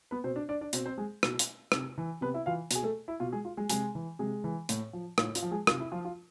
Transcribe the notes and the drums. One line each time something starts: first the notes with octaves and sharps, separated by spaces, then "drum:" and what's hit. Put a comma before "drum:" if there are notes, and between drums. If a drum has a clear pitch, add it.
B3 B4
B2 C4 C5
D4 D5
D4 D5
D4 D5
B2 C4 C5, drum: hi-hat
C4 C5
G#3 G#4
B2, drum: rim click
drum: hi-hat
C3, drum: rim click
E3
C3 B3 B4
E4 E5
E3 F4 F5
B2 G#4, drum: hi-hat
A3 A4
E4
B2 F4
G#3 G#4
F4
G#3 G#4
C3 G#3 G#4, drum: hi-hat
E3
C3 G#3 G#4
E3
A2, drum: hi-hat
F3
A2 F4, drum: rim click
F4, drum: hi-hat
F3
G#3 G#4
C3 F4, drum: rim click
E4
F3 F4
F4